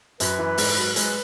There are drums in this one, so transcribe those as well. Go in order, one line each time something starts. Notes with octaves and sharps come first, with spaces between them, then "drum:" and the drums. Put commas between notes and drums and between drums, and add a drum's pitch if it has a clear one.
F#2 B4, drum: hi-hat
E3
G#2, drum: open hi-hat
F#3
G#3 B4, drum: hi-hat